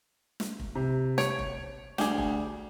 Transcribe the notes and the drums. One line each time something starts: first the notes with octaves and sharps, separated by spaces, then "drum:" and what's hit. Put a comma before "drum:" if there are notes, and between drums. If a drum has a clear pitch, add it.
drum: snare
drum: kick F1
C3
C#5 D7 F7, drum: snare
drum: kick F1
D2 G3 G#4, drum: snare
drum: kick F1